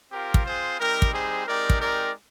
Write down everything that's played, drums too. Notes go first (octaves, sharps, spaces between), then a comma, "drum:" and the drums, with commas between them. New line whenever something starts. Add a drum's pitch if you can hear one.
C4 F4 G4 A#4
drum: kick
G#4 C5
G3 C4 D#4 G4 A#4
drum: kick
G#4 C5
G#3 C4 D#4 G4 A#4 D5
drum: kick
A#4 D5